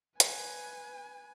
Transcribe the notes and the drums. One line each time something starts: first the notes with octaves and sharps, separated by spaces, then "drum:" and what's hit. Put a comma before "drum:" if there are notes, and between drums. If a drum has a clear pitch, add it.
B4 G#5, drum: hi-hat